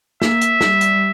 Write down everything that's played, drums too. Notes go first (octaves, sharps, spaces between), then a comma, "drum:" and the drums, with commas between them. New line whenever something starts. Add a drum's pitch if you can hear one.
A#3 E5, drum: snare
drum: hi-hat
G3, drum: snare
drum: hi-hat